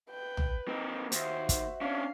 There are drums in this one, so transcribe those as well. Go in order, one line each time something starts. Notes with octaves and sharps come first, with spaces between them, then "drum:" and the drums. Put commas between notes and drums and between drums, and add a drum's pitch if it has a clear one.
B4 G5
drum: tom B1
A#3 C4 D#4
D#2 F#4 C5 E5, drum: hi-hat
drum: kick, hi-hat
C#4 D4 F5